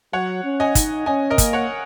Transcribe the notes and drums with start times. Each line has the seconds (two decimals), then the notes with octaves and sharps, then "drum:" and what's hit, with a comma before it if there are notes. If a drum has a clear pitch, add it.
0.13 F#3 C#5 F#5
0.44 C#4
0.60 D#5 G#5
0.75 D#4, drum: kick, hi-hat
1.06 C#4 D#5 G#5
1.30 A#4 D#5
1.38 A#3, drum: kick, hi-hat
1.53 C#5 F#5